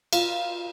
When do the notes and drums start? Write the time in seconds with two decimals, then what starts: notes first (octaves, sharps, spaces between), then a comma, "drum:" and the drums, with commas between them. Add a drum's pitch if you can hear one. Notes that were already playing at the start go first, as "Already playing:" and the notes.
0.13 F4, drum: cymbal